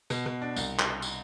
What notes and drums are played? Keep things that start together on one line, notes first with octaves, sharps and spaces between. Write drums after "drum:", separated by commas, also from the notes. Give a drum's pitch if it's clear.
B2, drum: tambourine
B2
D4
C2, drum: tambourine
drum: clap
drum: tambourine